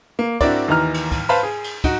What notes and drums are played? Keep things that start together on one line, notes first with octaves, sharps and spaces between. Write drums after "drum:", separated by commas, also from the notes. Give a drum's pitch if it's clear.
A#3
C4 D4 E4 F#4 A#4 D5, drum: kick, cymbal
D#2 E3 D#4 A#5 F6
drum: cymbal
drum: kick, cymbal
B4 C5 F5 A5 B5, drum: cymbal
G#4
drum: cymbal
D#4 F#4, drum: kick, cymbal